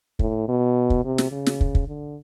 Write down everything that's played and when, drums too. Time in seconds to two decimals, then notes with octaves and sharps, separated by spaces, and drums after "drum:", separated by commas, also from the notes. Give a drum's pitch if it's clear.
0.19 A2, drum: kick
0.48 B2
0.90 drum: kick
1.05 C3
1.18 drum: snare
1.32 C#3
1.46 drum: snare
1.61 drum: kick
1.75 drum: kick
1.88 D3